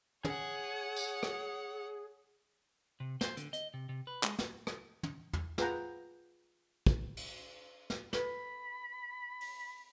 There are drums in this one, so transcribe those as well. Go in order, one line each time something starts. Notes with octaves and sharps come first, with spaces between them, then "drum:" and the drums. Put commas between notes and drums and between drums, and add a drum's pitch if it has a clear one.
G#4 C#5 F#5, drum: tom
drum: tambourine
drum: rim click
C3
C5, drum: snare
D3, drum: hi-hat
D#5, drum: hi-hat
C3
C3
B4
G#3, drum: clap
drum: snare
drum: rim click
drum: tom
drum: tom
F4 G#4 B4 F#5 G5 A#5, drum: snare
drum: kick
drum: cymbal
drum: snare
A4 B4 B5, drum: snare
drum: open hi-hat